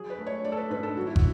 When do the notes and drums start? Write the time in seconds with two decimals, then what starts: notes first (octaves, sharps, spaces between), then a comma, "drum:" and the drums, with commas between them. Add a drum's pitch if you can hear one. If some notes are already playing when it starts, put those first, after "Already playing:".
Already playing: F#3 G#4
0.10 B4
0.18 A3
0.26 C#5
0.44 A3 D5
0.52 A4
0.57 B4
0.70 G#2 B4
0.83 A4
0.97 F#3 F#4
1.07 E4
1.16 F#4, drum: kick